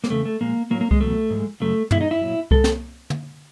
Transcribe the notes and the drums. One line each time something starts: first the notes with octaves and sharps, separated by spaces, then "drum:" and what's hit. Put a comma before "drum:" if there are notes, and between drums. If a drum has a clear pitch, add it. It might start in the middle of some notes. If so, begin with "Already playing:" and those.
A#3, drum: snare
E2 C#3 A3
A3
A#2 F3 G#3 A#3
A2 F#3 A#3
A#3
G#3, drum: kick C2
E2 B2 F#3 A3
G#2 F3 G#3
F#2 C#3 F#3 A3
B2 G#3 E4, drum: tom
D#4
E4
A#2 F#3
B2 G#3 A4, drum: kick C2
drum: snare
drum: tom